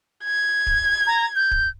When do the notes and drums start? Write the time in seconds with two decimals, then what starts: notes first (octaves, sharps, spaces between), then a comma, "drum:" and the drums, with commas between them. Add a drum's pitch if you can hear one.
0.24 G#6
0.67 drum: kick
1.07 A#5
1.36 G6
1.51 drum: kick